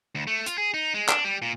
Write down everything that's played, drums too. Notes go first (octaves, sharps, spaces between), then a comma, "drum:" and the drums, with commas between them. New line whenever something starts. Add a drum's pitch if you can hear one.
D2
A3
F4, drum: hi-hat
G#4
D#4
G#3
D4, drum: clap
G3
A#2